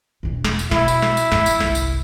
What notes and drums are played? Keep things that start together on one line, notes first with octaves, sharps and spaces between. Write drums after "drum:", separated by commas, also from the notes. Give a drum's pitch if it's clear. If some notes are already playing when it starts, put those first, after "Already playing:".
E1 A#1
drum: snare
drum: tambourine
B2 E4, drum: snare
drum: tambourine
drum: snare
drum: tambourine
E2 G#2, drum: snare
drum: tambourine
G1 C2, drum: snare
drum: tambourine